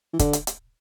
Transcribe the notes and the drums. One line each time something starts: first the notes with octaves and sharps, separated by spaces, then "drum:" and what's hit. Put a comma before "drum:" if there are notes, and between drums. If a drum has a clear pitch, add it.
E3
D3, drum: kick, hi-hat
drum: hi-hat
drum: hi-hat